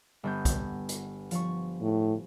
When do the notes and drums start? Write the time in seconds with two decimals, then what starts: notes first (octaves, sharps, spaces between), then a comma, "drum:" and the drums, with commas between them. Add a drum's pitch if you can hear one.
0.23 G1 B3 G6
0.45 drum: kick, hi-hat
0.89 drum: hi-hat
1.31 F3 C#6, drum: hi-hat
1.81 A2